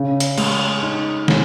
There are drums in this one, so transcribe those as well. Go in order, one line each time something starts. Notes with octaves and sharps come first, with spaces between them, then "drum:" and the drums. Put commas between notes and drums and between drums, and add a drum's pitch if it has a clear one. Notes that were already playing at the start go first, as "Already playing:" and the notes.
Already playing: C#3
drum: hi-hat
G#3, drum: cymbal
D#4
G#3, drum: snare